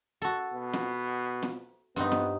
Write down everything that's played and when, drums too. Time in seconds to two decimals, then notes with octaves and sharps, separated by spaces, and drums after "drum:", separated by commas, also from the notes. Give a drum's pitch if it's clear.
0.22 F#4 A4
0.53 B2
0.73 drum: snare
1.43 drum: snare
1.96 G2 B3 C4 D#4
2.12 drum: snare